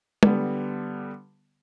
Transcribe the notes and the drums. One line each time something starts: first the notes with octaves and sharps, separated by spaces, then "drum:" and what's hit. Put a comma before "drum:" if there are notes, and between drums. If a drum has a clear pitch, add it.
D3 G3 B3, drum: tom